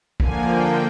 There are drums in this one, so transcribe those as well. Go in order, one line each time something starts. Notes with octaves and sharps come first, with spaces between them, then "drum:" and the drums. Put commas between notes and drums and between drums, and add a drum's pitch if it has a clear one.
D3 F3 A#3 G#5, drum: kick
G5